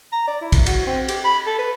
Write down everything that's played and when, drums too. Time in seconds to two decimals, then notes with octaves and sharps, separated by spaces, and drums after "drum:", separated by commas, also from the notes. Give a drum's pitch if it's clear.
0.12 A#5
0.27 D5
0.41 E4
0.52 drum: kick, cymbal
0.66 F#4, drum: cymbal
0.87 C4
1.08 G4, drum: cymbal
1.25 B5
1.46 A4
1.59 B4